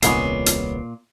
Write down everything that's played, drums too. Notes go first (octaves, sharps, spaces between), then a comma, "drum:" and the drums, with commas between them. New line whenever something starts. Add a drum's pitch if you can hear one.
D#1 C2 A#2 G#3 B3 C#4 C7, drum: hi-hat
drum: hi-hat